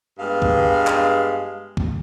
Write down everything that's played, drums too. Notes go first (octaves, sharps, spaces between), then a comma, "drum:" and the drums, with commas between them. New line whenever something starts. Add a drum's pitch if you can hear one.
G2 G#3 B3 F5
drum: kick
drum: clap
drum: kick